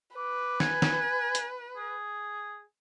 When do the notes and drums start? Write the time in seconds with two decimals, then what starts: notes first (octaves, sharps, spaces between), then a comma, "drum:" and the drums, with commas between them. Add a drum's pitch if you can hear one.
0.17 B4 D6
0.60 G#5, drum: snare
0.82 drum: snare
1.35 drum: hi-hat
1.76 G#4